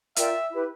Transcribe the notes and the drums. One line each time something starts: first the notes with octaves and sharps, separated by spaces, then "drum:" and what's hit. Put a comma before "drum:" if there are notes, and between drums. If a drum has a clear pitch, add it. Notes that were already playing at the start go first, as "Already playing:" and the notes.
F4 A#4 D5 E5 G5, drum: hi-hat
E4 G4 B4